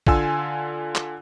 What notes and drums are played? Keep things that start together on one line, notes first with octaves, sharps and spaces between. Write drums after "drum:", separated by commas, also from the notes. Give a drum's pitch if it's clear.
D3 F4 G#5 E6, drum: kick A1
drum: clap